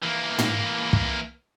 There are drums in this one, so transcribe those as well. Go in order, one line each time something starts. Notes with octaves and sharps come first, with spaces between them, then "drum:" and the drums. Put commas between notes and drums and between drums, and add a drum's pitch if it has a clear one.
E3 A#3
drum: tom
drum: kick